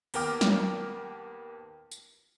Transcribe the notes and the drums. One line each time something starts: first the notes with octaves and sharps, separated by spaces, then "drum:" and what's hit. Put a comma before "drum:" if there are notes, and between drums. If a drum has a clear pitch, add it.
D#2 B3 A#4 G5 D6 F6, drum: open hi-hat
drum: snare
drum: tambourine